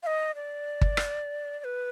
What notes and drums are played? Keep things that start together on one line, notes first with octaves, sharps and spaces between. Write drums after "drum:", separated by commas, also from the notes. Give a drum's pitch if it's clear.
F5
D#5
D5
drum: kick G1
drum: rim click
D5
B4